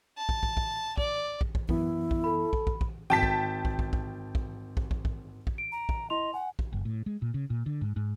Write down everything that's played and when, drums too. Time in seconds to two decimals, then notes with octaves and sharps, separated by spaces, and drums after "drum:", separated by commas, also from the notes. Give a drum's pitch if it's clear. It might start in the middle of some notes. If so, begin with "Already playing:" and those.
0.18 A5
0.29 drum: kick
0.43 drum: kick
0.57 drum: kick
0.97 D5, drum: kick
1.41 drum: kick
1.55 drum: kick
1.69 F#2 E3 B3 E4, drum: kick
2.11 drum: kick
2.24 A4 B5
2.53 drum: kick
2.67 drum: kick
2.81 drum: kick
3.10 G#1 G5 A5 B6
3.23 drum: kick
3.65 drum: kick
3.79 drum: kick
3.93 drum: kick
4.35 drum: kick
4.77 drum: kick
4.91 drum: kick
5.05 drum: kick
5.47 drum: kick
5.58 D7
5.72 A#5
5.89 drum: kick
6.10 E4 D#5 C6 F7
6.34 F#5 G#5
6.59 drum: kick
6.73 F#1
6.85 A2
7.06 G#3
7.22 A#2
7.34 C#3
7.50 A#2
7.66 D3
7.81 G#2
7.96 G#2